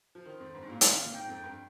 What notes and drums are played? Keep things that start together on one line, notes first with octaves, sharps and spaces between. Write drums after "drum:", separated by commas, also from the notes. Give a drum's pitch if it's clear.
F3
D#3 C5
F2
G2
G#2
A#2 F5
D#3, drum: hi-hat
C3
A#2
G#2 G5
F2
G2